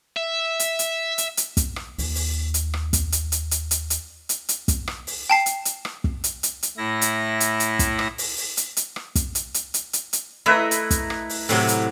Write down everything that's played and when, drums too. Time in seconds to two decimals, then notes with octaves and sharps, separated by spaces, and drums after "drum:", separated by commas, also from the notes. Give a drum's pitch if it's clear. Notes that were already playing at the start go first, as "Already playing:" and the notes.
0.16 E5
0.59 drum: hi-hat
0.79 drum: hi-hat
1.18 drum: hi-hat
1.37 drum: hi-hat
1.57 drum: kick, hi-hat
1.76 drum: rim click
1.98 D#2 F4, drum: open hi-hat
2.15 drum: open hi-hat
2.54 drum: hi-hat
2.73 drum: rim click
2.93 drum: kick, hi-hat
3.12 drum: hi-hat
3.32 drum: hi-hat
3.51 drum: hi-hat
3.71 drum: hi-hat
3.90 drum: hi-hat
4.29 drum: hi-hat
4.49 drum: hi-hat
4.68 drum: kick, hi-hat
4.87 drum: rim click
5.07 drum: open hi-hat
5.30 G5 A5 C7
5.46 drum: hi-hat
5.65 drum: hi-hat
5.85 drum: rim click
6.04 drum: kick
6.24 drum: hi-hat
6.43 drum: hi-hat
6.63 drum: hi-hat
6.78 A2 E4 A#6
7.01 drum: hi-hat
7.40 drum: hi-hat
7.60 drum: hi-hat
7.79 drum: kick, hi-hat
7.99 drum: rim click
8.18 drum: open hi-hat
8.38 drum: open hi-hat
8.57 drum: hi-hat
8.77 drum: hi-hat
8.96 drum: rim click
9.15 drum: kick, hi-hat
9.35 drum: hi-hat
9.54 drum: hi-hat
9.74 drum: hi-hat
9.93 drum: hi-hat
10.13 drum: hi-hat
10.46 A3 E4 B4 D#5 E5 A#5
10.71 drum: hi-hat
10.91 drum: kick, hi-hat
11.10 drum: rim click
11.29 drum: open hi-hat
11.49 A2 C3 F#3, drum: open hi-hat
11.68 drum: hi-hat